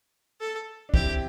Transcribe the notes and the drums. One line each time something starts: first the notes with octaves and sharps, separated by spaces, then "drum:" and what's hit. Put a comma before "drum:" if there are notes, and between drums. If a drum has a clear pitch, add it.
A4
D4
C4 E4 G4, drum: kick